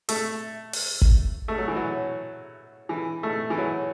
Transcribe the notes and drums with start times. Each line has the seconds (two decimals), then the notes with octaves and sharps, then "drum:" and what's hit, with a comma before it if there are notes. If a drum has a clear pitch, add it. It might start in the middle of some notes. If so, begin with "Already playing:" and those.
0.09 A3, drum: hi-hat
0.73 drum: open hi-hat
1.02 drum: kick
1.48 A3
1.58 F#3
1.68 E3
1.77 F#3
2.89 E3
3.23 A3
3.50 E3
3.58 F#3